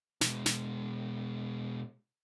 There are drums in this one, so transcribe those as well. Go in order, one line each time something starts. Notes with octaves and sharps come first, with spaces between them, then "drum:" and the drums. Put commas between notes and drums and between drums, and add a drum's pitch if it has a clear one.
B2 G#3, drum: snare
drum: snare